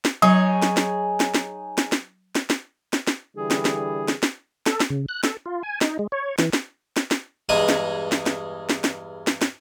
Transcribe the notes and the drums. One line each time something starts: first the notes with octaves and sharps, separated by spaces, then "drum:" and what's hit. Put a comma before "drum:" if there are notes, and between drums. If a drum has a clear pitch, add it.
drum: snare
F#3 D#4 G#4 C#5
drum: snare
drum: snare
drum: snare
drum: snare
drum: snare
drum: snare
drum: snare
drum: snare
drum: snare
drum: snare
D3 E3 G3 G#4
drum: snare
drum: snare
drum: snare
drum: snare
A4, drum: snare
drum: snare
C#3
F#6
A4, drum: snare
F4
G#5
D#4, drum: snare
G#3
C#5
E3, drum: snare
drum: snare
drum: snare
drum: snare
E2 G2 G#3 D#4 G#4 D#6
drum: snare
drum: snare
drum: snare
drum: snare
drum: snare
drum: snare
drum: snare